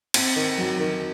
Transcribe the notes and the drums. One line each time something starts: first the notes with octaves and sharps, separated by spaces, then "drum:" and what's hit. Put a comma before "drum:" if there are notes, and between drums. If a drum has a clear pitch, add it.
C4, drum: cymbal
D#3
F#3
D#3